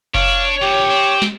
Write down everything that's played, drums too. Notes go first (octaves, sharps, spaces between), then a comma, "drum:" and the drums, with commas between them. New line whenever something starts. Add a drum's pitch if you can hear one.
D4 C#5 F5, drum: kick F#1
D2 A#2 G4
C4
drum: snare